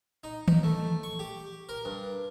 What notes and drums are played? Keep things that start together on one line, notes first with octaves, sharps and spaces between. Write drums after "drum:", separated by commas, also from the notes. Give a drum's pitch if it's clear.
D#4
D#4, drum: tom D#3
A3
C#6
G4
A#4
G2